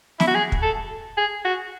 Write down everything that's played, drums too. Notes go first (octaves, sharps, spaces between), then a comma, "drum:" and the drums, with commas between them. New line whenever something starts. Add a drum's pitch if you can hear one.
E4, drum: snare
F#4
G#4
drum: kick
A4
G#4
F#4